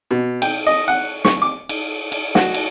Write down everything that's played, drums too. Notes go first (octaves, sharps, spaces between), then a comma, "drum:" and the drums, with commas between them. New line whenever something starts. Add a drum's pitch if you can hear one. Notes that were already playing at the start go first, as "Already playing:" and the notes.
B2
G5, drum: cymbal
D#5
F#5
C#6, drum: snare
D6
drum: cymbal
drum: cymbal
F#4, drum: snare
drum: cymbal